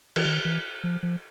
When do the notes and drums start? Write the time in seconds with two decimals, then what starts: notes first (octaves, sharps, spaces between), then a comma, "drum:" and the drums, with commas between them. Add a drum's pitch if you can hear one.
0.16 E3, drum: cymbal
0.25 D#3
0.45 E3
0.84 F3
1.03 F3